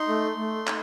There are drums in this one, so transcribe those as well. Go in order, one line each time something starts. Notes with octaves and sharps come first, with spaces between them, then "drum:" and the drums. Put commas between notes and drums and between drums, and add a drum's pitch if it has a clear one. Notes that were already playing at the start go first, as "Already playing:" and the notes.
Already playing: D#4 C6
A3
A3
D#4, drum: clap